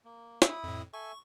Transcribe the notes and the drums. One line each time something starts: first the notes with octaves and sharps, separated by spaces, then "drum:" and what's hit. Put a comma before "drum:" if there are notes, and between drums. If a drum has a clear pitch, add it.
A#3
E4 B5 D#6, drum: snare
F2 A2
A4 E5 G#5 C#6